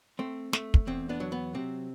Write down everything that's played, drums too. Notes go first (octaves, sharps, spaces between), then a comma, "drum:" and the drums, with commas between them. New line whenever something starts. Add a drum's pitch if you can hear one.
A3 C4
A3, drum: snare
drum: kick
E2 C4
B3 D4
F#3
B3
C3 C4